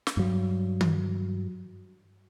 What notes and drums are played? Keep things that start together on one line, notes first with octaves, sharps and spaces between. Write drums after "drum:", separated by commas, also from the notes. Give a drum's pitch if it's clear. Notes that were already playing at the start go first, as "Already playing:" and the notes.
drum: snare
G2 F#3
drum: tom D#3